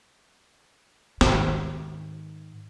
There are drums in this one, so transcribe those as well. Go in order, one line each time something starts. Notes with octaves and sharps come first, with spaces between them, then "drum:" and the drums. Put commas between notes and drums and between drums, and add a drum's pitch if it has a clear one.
G#2 D#3, drum: snare